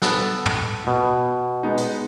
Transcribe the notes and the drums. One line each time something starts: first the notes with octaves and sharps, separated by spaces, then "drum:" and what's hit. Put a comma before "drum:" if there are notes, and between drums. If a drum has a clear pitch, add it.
B3 A4 F#5, drum: snare
drum: tom
B2
G#3 B3 D#4
drum: hi-hat